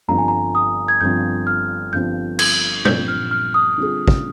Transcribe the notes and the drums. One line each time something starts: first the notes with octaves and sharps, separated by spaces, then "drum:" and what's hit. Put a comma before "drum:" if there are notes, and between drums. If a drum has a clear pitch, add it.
G1 G2 F3 C4 A#5
G#5
A#5
D#6
G#6
G1 G2 F3 C4 G6
F6
G1 G2 F3 C4 G6
G#6, drum: cymbal
G1 G2 F3 C4 G6, drum: tom
F6
F6
D#6
D3 G3 C4 F4 G#4
drum: kick